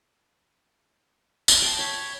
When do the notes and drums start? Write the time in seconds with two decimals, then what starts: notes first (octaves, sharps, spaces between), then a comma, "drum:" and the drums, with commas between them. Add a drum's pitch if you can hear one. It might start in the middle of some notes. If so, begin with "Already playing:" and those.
1.48 drum: tambourine
1.62 G5 A5 C6
1.79 C#5 B5